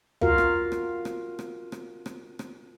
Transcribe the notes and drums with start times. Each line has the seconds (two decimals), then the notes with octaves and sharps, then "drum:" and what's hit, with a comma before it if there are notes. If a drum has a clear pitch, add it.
0.21 F4 F#4 A#4 F5, drum: tom
0.38 drum: rim click
0.72 drum: rim click
1.05 drum: rim click
1.39 drum: rim click
1.72 drum: rim click
2.06 drum: rim click
2.39 drum: rim click